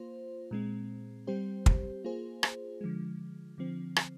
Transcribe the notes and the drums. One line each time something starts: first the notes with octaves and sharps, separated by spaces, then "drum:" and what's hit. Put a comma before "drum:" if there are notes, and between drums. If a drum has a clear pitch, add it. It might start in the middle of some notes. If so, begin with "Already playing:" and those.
Already playing: A#3 F4 C5
A#2 G#3 C4
G3 C4 G4 C5
drum: kick
A#3 F4 G#4 C5
drum: rim click
D3 F3 G#3
D3 F3 C4
drum: rim click